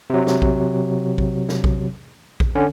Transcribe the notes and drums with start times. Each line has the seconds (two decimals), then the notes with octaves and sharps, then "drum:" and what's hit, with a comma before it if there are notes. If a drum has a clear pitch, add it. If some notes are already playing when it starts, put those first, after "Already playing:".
0.10 C3 F#3
0.27 drum: snare
0.42 drum: kick A#1
1.18 drum: kick A#1
1.49 drum: snare
1.64 drum: kick A#1
2.40 drum: kick A#1
2.55 D3 C#4